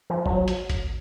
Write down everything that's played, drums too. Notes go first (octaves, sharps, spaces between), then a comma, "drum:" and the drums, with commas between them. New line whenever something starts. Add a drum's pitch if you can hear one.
F3
F#3, drum: kick G1
drum: hi-hat
drum: kick G1, hi-hat